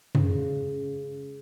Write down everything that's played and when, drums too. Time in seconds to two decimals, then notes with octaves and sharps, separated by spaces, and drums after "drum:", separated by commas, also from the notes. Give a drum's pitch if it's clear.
0.15 C#3, drum: tom